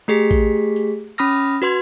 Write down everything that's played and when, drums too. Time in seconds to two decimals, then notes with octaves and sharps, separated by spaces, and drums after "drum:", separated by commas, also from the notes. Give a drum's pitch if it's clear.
0.08 A3 G4 G#4 B6
0.31 drum: kick A1, tambourine
0.76 drum: tambourine
1.18 C#4 B5 D#6 F6 A#6
1.62 F#4 B4 C6 G#6